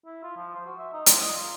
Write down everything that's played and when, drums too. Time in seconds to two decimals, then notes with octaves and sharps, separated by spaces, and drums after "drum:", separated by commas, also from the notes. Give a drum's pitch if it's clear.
0.06 E4
0.23 F4
0.37 F3
0.55 C5
0.66 F#4
0.78 E5
0.93 D#4
1.06 C5, drum: hi-hat
1.21 D#5
1.36 F4